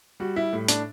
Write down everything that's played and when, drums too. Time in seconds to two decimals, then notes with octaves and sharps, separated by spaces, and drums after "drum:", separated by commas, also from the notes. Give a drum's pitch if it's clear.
0.20 G3 F#4
0.36 E4
0.53 A2
0.68 D4, drum: hi-hat